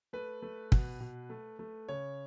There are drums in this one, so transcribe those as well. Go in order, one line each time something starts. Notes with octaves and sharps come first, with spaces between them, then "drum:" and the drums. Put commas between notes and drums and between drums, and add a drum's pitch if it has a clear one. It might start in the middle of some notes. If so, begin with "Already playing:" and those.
A3 B4
A3
B2, drum: kick
B2
A3
A3
C#3 C#5